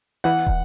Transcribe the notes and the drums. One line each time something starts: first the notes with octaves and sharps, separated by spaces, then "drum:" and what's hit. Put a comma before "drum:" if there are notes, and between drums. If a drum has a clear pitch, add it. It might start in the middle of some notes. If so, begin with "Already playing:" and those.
E3 F#5
drum: kick